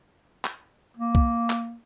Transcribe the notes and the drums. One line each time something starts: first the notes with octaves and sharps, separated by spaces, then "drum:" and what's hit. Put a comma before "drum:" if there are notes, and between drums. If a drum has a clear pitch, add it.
drum: clap
A#3
drum: kick B1
drum: clap